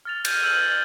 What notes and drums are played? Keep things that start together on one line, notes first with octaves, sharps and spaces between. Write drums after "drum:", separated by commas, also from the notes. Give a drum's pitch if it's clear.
F6 A6 F7
G6 G#6 D#7, drum: cymbal
E6 F6 F#7
G6 A6 F#7